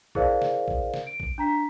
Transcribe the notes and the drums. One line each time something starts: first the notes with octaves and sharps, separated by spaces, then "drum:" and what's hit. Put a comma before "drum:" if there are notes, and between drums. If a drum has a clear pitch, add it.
E4 G#4 A#4 C5 D5 F5, drum: kick A#1
drum: snare
drum: kick A#1
drum: snare
D7
drum: kick A#1
D4 A#5 B6